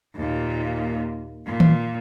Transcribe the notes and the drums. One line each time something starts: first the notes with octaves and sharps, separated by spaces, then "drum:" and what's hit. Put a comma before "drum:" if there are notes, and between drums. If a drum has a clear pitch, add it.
D#2 A#2
A#2
drum: tom D#3